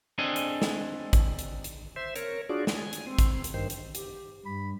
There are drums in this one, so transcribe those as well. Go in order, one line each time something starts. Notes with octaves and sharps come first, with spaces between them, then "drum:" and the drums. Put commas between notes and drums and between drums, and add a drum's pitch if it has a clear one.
C4 D4 G#4 A4 D#5 G#5
drum: hi-hat
drum: snare
drum: kick, hi-hat
drum: hi-hat
drum: hi-hat
C5 E5
A#4 C#5, drum: hi-hat
D4 F4 F#4 G#4 D5
G#5, drum: snare
drum: hi-hat
C4
drum: kick, hi-hat
drum: hi-hat
G2 D#3 C5
drum: hi-hat
G4, drum: hi-hat
G2 B5